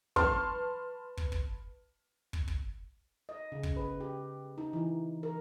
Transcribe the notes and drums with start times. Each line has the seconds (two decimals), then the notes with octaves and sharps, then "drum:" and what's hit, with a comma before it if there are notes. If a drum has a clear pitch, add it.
0.16 B4 A5 C6 C#6 F6, drum: kick
1.17 drum: kick
1.32 drum: kick
2.33 drum: kick
2.48 drum: kick
3.29 D#5
3.52 C#3
3.63 drum: kick
3.76 B4
4.00 G4
4.58 D#4
4.73 E3
5.23 A#4